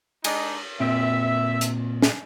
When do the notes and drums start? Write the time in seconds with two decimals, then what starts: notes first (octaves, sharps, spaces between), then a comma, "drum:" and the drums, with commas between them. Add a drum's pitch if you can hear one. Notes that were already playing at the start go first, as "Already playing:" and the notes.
0.24 G#3 D4 D#4, drum: cymbal
0.80 A#2 C4 E5
1.61 drum: hi-hat
2.02 drum: snare